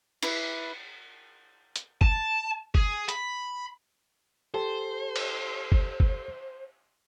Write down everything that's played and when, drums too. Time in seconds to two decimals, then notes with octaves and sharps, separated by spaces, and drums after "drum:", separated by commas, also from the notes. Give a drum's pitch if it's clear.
0.23 E4 B4 D6, drum: cymbal
1.76 drum: hi-hat
2.01 A5, drum: kick
2.75 G#4, drum: kick
3.09 B5, drum: hi-hat
4.54 G4 A4 C5 A5
5.16 drum: cymbal
5.72 drum: kick
6.00 drum: kick